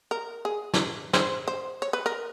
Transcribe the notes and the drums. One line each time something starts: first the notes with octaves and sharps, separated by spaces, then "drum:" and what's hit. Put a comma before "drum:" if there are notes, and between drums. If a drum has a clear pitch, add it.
A#4
G#4
drum: snare
C5, drum: snare
C5
C#5
B4
A#4